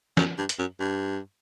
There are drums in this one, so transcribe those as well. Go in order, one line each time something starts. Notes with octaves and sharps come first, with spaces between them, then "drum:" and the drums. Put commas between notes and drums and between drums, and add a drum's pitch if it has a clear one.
F#2, drum: snare
G2
drum: hi-hat
F#2
G2